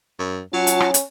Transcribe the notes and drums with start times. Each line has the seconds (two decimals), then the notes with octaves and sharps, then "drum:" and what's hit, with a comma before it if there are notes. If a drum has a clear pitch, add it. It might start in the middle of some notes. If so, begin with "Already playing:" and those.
0.19 F#2
0.53 F#3 C#4 F4 F#5 A5
0.67 drum: hi-hat
0.80 drum: rim click
0.94 drum: hi-hat